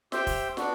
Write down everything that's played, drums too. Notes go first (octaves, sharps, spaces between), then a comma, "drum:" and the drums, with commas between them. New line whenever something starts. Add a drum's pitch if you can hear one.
G4 C5 E5 G5, drum: snare
drum: kick, open hi-hat
B3 D4 F#4, drum: snare